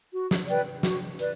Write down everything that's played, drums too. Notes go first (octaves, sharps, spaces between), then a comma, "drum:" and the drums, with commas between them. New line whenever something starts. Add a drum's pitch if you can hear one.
F#4
drum: snare
B4 D5 G5, drum: hi-hat
F#4, drum: snare
B4 D5, drum: hi-hat